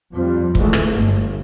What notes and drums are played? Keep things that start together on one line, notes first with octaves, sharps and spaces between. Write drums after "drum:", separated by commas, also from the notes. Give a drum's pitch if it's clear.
F2 F3 G3
D2 E3 G#3 A3, drum: kick
drum: rim click
G1